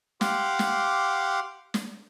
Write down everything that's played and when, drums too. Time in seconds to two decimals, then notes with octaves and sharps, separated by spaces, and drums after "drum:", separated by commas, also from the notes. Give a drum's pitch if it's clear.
0.21 G4 F5 F#5 C6 D6, drum: snare
0.59 drum: snare
1.74 drum: snare